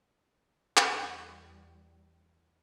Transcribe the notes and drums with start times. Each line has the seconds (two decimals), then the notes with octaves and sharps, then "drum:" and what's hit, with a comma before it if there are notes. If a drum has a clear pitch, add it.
0.77 E2 G3, drum: clap